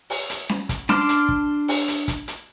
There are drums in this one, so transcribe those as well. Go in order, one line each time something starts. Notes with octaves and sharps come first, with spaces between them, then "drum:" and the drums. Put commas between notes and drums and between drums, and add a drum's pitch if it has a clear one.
drum: open hi-hat
drum: hi-hat
drum: snare C#4
drum: kick, hi-hat
D4 A5 C6 D6 F6, drum: snare C#4
drum: hi-hat
drum: kick
drum: open hi-hat
drum: hi-hat
drum: kick, hi-hat
drum: hi-hat